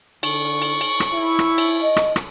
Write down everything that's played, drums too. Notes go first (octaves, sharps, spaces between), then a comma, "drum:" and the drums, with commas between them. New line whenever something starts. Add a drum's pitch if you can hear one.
D3 C#6, drum: cymbal
drum: cymbal
drum: cymbal
drum: rim click
E4
drum: rim click
drum: cymbal
D#5
drum: rim click
drum: rim click